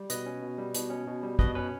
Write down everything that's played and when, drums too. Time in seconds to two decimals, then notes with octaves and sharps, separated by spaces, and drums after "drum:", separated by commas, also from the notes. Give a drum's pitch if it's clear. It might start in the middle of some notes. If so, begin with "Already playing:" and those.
Already playing: G3
0.10 B2 B4 D#5, drum: hi-hat
0.26 C#4
0.42 B2
0.58 G3
0.75 B2, drum: hi-hat
0.90 C#4
1.07 B2
1.23 G3
1.39 B2 B4 D#5, drum: kick
1.55 C#4 B4